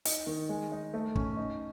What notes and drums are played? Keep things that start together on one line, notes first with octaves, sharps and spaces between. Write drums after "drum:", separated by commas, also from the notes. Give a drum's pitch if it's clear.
D#4, drum: hi-hat
D#3
G#3
D#4
A3
C#4, drum: kick
D#4